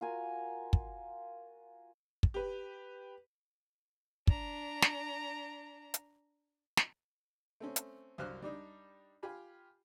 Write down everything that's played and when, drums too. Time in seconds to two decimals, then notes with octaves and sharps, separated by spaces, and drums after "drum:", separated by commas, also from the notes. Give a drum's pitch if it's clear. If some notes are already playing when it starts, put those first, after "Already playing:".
0.01 F4 F#4 A#4 G#5
0.73 drum: kick
2.23 drum: kick
2.34 G4 B4
4.27 D4 A#5, drum: kick
4.82 drum: snare
5.94 drum: hi-hat
6.77 drum: snare
7.60 A3 C4 C#4
7.76 drum: hi-hat
8.18 C2 F#2 C5 F5 F6 F#6
8.42 G3 D4 D#4
9.23 F4 G4 G#5 B5